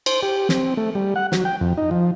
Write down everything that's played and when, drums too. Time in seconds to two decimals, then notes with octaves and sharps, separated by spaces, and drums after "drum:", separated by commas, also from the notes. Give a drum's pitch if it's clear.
0.06 C5, drum: cymbal
0.23 G4
0.49 C4, drum: snare
0.77 A3
0.95 G3
1.16 F#5
1.32 F#3, drum: snare
1.45 G5
1.61 F2
1.77 D#4
1.91 F3